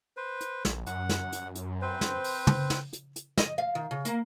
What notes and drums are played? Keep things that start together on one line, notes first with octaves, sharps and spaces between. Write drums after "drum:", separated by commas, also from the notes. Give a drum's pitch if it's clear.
B4 C5
drum: hi-hat
A#1, drum: snare
F#2 F#5, drum: hi-hat
drum: snare
drum: hi-hat
drum: hi-hat
C4 B4 C5
drum: snare
drum: open hi-hat
drum: tom
drum: snare
drum: hi-hat
drum: hi-hat
D#5, drum: snare
F5
D#3
C#3
A#3, drum: hi-hat